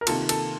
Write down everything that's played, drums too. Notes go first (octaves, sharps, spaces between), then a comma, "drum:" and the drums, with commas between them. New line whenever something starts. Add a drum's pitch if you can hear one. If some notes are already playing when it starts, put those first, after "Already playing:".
A#4
C3 D#3 A#3 F4 A4, drum: cymbal
A4, drum: cymbal